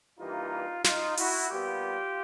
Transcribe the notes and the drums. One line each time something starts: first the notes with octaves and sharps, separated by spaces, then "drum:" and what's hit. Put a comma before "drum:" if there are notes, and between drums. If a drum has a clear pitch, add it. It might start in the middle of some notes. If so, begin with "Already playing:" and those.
G2 E3 G3 A#3 D#4 F4
D#4 F4, drum: snare
E4 F#4, drum: open hi-hat
A#2 G3 B3 F4 G4